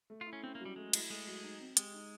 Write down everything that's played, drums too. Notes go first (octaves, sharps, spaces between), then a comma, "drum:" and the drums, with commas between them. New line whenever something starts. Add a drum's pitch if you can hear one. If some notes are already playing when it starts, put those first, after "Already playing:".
A3
F4
E4
C#4
C4 C#4
A#3
F#3
G3
G#3 A3
E4, drum: cymbal
G#3 A3
F#3
D#4
C4
G#3 G4, drum: hi-hat
D#4